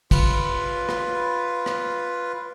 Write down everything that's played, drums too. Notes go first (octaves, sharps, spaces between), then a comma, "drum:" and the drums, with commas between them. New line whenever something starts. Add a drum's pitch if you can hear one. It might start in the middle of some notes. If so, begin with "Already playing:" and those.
F4 B4, drum: kick, cymbal
drum: rim click
drum: rim click